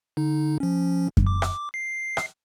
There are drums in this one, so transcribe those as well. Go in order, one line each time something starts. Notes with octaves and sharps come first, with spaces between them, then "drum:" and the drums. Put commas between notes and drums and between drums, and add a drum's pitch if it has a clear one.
D3 D#4
F3 C#4
drum: kick F#2
D6
drum: rim click
C7
drum: rim click